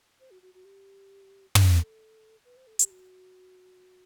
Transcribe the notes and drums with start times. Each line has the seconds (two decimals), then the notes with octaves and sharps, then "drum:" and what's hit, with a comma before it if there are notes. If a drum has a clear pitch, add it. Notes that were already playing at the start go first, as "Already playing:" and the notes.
0.20 C5
0.31 F#4
0.42 F#4
0.54 F#4
0.65 G4
1.55 A4, drum: tom
2.45 B4
2.57 C5
2.67 A4
2.79 G4, drum: hi-hat
2.90 F#4